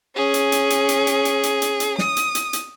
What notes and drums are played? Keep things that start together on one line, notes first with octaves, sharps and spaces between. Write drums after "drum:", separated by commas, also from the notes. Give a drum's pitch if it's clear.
C#4 G#4
drum: hi-hat
drum: hi-hat
drum: hi-hat
drum: hi-hat
drum: hi-hat
drum: hi-hat
drum: hi-hat
drum: hi-hat
drum: hi-hat
D#6, drum: snare
drum: hi-hat
drum: hi-hat
drum: hi-hat